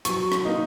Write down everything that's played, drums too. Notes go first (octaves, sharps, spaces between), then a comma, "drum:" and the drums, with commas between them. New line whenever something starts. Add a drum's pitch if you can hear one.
F#3 C#6, drum: hi-hat
drum: rim click
A#3 D#4